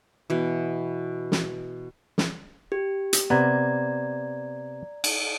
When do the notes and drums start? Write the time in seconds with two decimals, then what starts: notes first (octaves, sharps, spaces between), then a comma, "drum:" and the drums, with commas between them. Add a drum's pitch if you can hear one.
0.30 B2 E3
1.32 drum: snare
2.18 drum: snare
2.72 G4
3.13 drum: hi-hat
3.30 C3 B3 D5 A#5 G#6
5.04 drum: cymbal